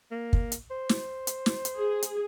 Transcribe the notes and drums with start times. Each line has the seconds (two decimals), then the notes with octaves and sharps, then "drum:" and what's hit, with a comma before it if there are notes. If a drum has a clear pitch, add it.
0.11 A#3
0.33 drum: kick
0.52 drum: hi-hat
0.70 C5
0.89 drum: snare
1.27 drum: hi-hat
1.46 drum: snare
1.65 drum: hi-hat
1.76 G#4
2.03 drum: hi-hat